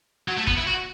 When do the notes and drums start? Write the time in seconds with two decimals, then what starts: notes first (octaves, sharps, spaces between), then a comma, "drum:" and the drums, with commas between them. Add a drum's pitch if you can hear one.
0.28 F#3
0.37 A3
0.47 B3, drum: kick
0.58 E4
0.67 F#4